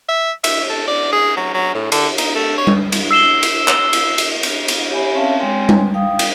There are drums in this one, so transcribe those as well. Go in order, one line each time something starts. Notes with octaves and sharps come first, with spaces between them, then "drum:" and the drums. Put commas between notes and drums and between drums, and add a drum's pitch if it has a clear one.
E5
E5, drum: cymbal
A4
D5
G#4
F#3
F#3
A2
D3, drum: cymbal
D#4, drum: cymbal
A3
C#5
drum: tom G3
drum: cymbal
E6 C7 E7 G7
drum: cymbal
drum: clap
drum: cymbal
drum: cymbal
drum: cymbal
drum: cymbal
G4 C#5 E5 G#5 B5
C4 C#4 C#5 E5 F5 A5
G#3 C4 C#5 G5 G#5 C6
drum: tom G3
F5 G5 D#6
drum: cymbal